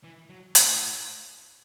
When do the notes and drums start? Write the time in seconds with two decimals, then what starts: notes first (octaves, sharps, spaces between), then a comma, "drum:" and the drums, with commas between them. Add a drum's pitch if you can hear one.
0.04 E3
0.29 F#3
0.55 A2, drum: hi-hat